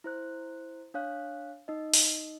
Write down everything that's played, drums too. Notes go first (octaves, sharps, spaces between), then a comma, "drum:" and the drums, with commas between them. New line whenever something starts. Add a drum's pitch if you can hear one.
E4 C5 F#6
D4 C#5 F5 F#6
D#4 D#5
drum: open hi-hat